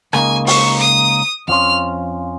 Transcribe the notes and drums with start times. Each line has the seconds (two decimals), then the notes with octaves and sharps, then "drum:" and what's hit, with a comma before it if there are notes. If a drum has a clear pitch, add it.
0.13 C#2 C#3 A#3 D#4 G#5, drum: rim click
0.47 C#6, drum: open hi-hat
0.80 D#6
1.48 F2 F3 C#4 F4 F6